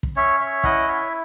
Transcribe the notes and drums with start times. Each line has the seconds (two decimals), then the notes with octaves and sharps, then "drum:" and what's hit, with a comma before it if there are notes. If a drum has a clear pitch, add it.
0.03 drum: kick
0.16 C#4 C#5 E5
0.40 C#5 E5
0.63 E4 D#5 F#5, drum: kick
0.88 C#5 E5